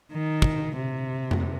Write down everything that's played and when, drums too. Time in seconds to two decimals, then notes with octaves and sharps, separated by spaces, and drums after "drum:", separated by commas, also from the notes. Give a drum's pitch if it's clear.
0.13 D#3
0.42 drum: kick
0.77 C3
1.31 drum: tom F2